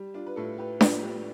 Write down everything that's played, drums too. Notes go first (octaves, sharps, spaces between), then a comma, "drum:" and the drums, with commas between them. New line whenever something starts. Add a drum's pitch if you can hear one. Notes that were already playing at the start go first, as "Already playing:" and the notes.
Already playing: G3
D4 F4
B4
A2 F4 A4
G4 B4
F3 B4 D5, drum: snare D4
G4 B4